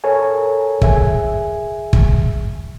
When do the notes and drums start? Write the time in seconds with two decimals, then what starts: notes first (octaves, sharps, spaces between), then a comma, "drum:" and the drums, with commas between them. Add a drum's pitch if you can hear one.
0.04 A4 A#4 C#5 G#5
0.81 G#4 E5 G#5, drum: kick
1.93 drum: kick